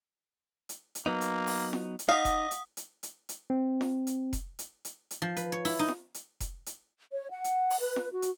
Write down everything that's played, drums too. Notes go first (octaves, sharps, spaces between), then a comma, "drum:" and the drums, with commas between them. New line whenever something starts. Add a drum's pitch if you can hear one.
drum: hi-hat
drum: hi-hat
F#3 A#3 B3 D#4
drum: hi-hat
drum: open hi-hat
drum: snare
drum: hi-hat
D#4 D#5 F5 F#5 D#6
drum: kick F1, hi-hat
drum: hi-hat
drum: hi-hat
drum: hi-hat
drum: hi-hat
C4
drum: snare
drum: hi-hat
drum: kick F1, hi-hat
drum: hi-hat
drum: hi-hat
drum: hi-hat
F3
B4, drum: hi-hat
C#5
E4, drum: open hi-hat
D#4
drum: snare
drum: hi-hat
drum: kick F1, hi-hat
drum: hi-hat
C#5
F#5
drum: hi-hat
drum: open hi-hat
B4
drum: snare
F#4
drum: hi-hat